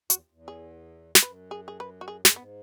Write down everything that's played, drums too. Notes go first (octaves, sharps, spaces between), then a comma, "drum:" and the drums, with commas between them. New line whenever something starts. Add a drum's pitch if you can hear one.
E2 F#4, drum: hi-hat
E2
G#4
E2, drum: snare
F#2 B4
G#4
G#4
B4
F#4
G#4
F#2 G#3, drum: snare
G#2 B3